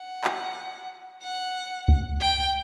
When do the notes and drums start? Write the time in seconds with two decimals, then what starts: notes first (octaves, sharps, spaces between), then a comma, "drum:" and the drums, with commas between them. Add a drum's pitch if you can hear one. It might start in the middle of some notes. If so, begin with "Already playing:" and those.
Already playing: F#5
0.24 drum: clap
1.23 F#5
1.88 drum: kick C#2
2.21 G5